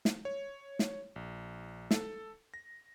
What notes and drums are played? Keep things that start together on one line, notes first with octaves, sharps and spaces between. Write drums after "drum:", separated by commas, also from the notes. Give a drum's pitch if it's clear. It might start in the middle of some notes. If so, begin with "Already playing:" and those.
drum: snare
C#5
drum: snare
A#1
A4, drum: snare
A#6